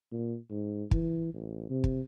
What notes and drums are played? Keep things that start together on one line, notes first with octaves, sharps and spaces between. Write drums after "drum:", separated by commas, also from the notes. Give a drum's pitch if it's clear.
A#2
G#2
E3, drum: kick
A1
C3
drum: kick